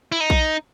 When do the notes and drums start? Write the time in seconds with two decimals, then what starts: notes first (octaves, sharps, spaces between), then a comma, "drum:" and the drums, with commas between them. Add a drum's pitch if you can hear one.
0.12 E4
0.20 D#4
0.30 drum: kick A#1